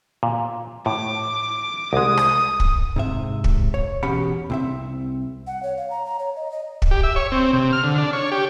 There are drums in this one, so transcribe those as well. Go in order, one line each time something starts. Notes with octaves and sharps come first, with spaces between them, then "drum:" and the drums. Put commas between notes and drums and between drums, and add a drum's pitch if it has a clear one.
A#2
A2 D6
C2 G#3 D#6
drum: rim click
drum: kick
G#2 C3 E5
drum: kick
C#5
E2 B2 C#4 G4 F#5 B5
C2 C4 E5
F#5
C#5
F5
A#5
A#5
C#5
D#5
D#5
drum: kick
G4
E5
C#5
C4
C3
F6
D3
D4
C#5
G4